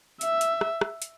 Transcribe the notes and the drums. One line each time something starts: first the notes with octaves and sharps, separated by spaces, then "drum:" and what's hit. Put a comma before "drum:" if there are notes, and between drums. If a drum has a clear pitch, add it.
E5, drum: hi-hat
drum: hi-hat
drum: rim click
drum: rim click
drum: hi-hat